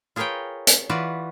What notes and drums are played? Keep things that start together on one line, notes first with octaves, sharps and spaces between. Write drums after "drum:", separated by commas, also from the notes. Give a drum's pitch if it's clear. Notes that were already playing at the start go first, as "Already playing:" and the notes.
F4 G#4 A#4 B4 C#5 G5
drum: hi-hat
E3 F4 F#4 B4 D5